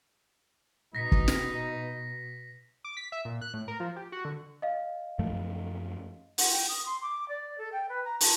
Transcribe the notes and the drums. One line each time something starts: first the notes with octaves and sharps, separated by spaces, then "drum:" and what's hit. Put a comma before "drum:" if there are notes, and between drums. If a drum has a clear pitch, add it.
B2 D#4 A#6 B6 C#7
drum: kick
drum: snare
D6
B6
E5
A#2
F#6
A2
A#4
F3
G4
F#4
D3
D#5 F5
F#2 F3 A3
F#5, drum: open hi-hat
G5
D#6
C6
D6
D5
A4
G5
B4
A#5
A5, drum: open hi-hat